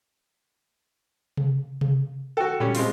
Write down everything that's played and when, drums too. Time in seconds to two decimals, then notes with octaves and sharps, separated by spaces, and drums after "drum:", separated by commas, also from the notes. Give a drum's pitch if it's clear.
1.37 drum: tom C3
1.81 drum: tom C3
2.37 F#4 A4 G5
2.60 A#2 G3 C#4
2.75 G#3 C4 F4, drum: open hi-hat